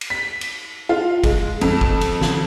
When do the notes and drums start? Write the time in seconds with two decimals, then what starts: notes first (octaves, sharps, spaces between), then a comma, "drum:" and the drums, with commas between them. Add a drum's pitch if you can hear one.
0.01 drum: cymbal
0.10 B6
0.41 drum: cymbal
0.89 F4
1.24 G#3, drum: kick G1, cymbal
1.61 F2, drum: cymbal
1.81 drum: kick G1
2.01 drum: cymbal
2.21 drum: snare